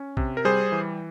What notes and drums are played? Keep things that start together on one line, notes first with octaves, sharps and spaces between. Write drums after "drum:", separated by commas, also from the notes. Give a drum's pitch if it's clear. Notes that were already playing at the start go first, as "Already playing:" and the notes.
Already playing: C#4
C3, drum: kick
A#4
G3 G#4 C5
E3